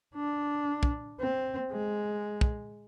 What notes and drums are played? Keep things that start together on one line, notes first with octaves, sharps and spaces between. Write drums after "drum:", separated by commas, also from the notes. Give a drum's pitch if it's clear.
D4
drum: kick
C4
G#3
drum: kick